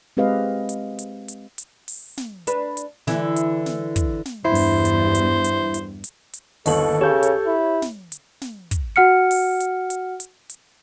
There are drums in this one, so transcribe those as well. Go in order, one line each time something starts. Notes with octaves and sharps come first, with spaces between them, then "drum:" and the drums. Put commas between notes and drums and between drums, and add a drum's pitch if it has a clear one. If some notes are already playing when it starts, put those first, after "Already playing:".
G#3 C4 G4 B4 D#5 F5
drum: hi-hat
drum: hi-hat
drum: hi-hat
drum: hi-hat
drum: open hi-hat
drum: snare
D4 B4, drum: hi-hat
drum: hi-hat
D3 E3 E4, drum: snare
drum: hi-hat
drum: snare
drum: kick, hi-hat
drum: snare
E2 G2 E4 C5
drum: open hi-hat
drum: hi-hat
drum: hi-hat
drum: hi-hat
drum: hi-hat
drum: hi-hat
drum: hi-hat
G1 D#2 A4 D#5 F#7, drum: open hi-hat
C#3 G4 C#5 G6
drum: hi-hat
E4
drum: snare
drum: hi-hat
drum: snare
drum: kick, hi-hat
F#4 F#5 F6 C#7
drum: open hi-hat
drum: hi-hat
drum: hi-hat
drum: hi-hat
drum: hi-hat